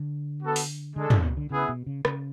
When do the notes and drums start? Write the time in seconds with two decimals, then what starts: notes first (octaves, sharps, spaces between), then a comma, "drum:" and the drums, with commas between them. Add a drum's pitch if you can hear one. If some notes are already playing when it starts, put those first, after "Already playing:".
Already playing: D3
0.43 B3 F#4 A4
0.56 drum: open hi-hat
0.96 D3 G#3 D4 A4
1.10 C#3, drum: tom
1.23 B2
1.37 D3
1.50 C#3 B3 E4 G#4 B4 E5
1.69 B2
1.86 C#3
2.05 C#3, drum: rim click